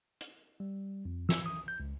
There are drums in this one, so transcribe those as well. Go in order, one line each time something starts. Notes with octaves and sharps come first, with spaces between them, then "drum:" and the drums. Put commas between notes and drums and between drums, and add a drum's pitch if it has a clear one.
drum: hi-hat
G3
F2
E6, drum: snare
D#6
G6
C#2